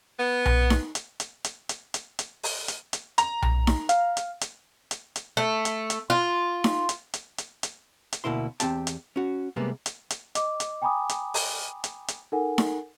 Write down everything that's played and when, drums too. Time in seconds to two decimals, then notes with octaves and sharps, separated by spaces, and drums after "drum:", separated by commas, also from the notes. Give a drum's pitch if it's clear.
0.19 B3
0.46 drum: tom B1
0.70 drum: snare D#4
0.95 drum: hi-hat
1.20 drum: hi-hat
1.44 drum: hi-hat
1.69 drum: hi-hat
1.94 drum: hi-hat
2.19 drum: hi-hat
2.43 drum: open hi-hat
2.68 drum: hi-hat
2.93 drum: hi-hat
3.18 A#5, drum: hi-hat
3.42 drum: tom B1
3.67 drum: snare D#4
3.89 F5, drum: hi-hat
4.17 drum: hi-hat
4.41 drum: hi-hat
4.91 drum: hi-hat
5.16 drum: hi-hat
5.37 A3
5.65 drum: hi-hat
5.90 drum: hi-hat
6.10 F4
6.64 drum: snare D#4
6.89 drum: hi-hat
7.14 drum: hi-hat
7.38 drum: hi-hat
7.63 drum: hi-hat
8.13 drum: hi-hat
8.24 D2 B2 A#3 E4 C6
8.60 E2 F3 C4 G4 G5 A5, drum: hi-hat
8.87 drum: hi-hat
9.16 C#4 F#4
9.56 C3 G3 G#3 A#3 B3
9.86 drum: hi-hat
10.10 drum: hi-hat
10.35 D#5 D6, drum: hi-hat
10.60 drum: hi-hat
10.82 G5 G#5 A#5 B5 D6 D#6
11.09 drum: hi-hat
11.34 drum: open hi-hat
11.84 drum: hi-hat
12.08 drum: hi-hat
12.32 D#4 A4 A#4 F#5 G#5
12.58 drum: snare D#4